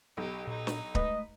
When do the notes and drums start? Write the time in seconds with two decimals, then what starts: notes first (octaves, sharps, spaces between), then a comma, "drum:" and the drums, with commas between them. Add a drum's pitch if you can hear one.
0.17 B1 D#4 G4
0.47 A#2 D#4
0.67 drum: snare
0.95 G#3 A3 B4 D#5, drum: kick